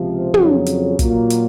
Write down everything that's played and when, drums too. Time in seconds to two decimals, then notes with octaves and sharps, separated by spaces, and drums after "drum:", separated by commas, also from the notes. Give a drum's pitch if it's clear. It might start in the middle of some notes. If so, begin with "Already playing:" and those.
Already playing: C#2 C3 F3
0.34 F2 C#3 F#3, drum: tom
0.66 drum: hi-hat
0.99 A#2 F#3 A#3 F4, drum: kick, hi-hat
1.30 drum: hi-hat